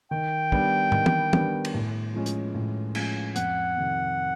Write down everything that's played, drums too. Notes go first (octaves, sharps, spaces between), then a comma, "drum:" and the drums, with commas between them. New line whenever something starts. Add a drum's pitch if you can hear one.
D#3 G5
G3 B3 D4, drum: kick
D#3, drum: tom
drum: tom
G3 B3 D4, drum: tom
drum: cymbal
A2
F3 G#3 C#4
drum: hi-hat
A2
F3 G#3 C#4, drum: cymbal
F2 F#5, drum: hi-hat
C3 D#3